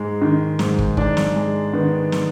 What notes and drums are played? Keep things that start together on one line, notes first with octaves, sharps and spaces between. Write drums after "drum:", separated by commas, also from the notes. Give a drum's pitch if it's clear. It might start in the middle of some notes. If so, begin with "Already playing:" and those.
Already playing: G#2 G#3
D#3
G#2, drum: snare
drum: kick
G#2 D4, drum: kick
drum: snare
G#3
D#3 B3
drum: snare